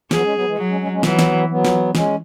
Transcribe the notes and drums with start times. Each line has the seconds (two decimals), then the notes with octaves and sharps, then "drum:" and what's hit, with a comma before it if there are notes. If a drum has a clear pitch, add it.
0.11 F#3 B3 G#4, drum: snare
0.23 G#3 C#4
0.34 F#3 B3
0.45 E3 G#3
0.57 F#3
0.69 G#3 C#4
0.80 G#3 C#4
0.92 G#3 C#4
1.03 E3 F#3 B3, drum: snare
1.19 drum: snare
1.49 F#3 B3
1.65 drum: snare
1.95 G#3 C#4, drum: snare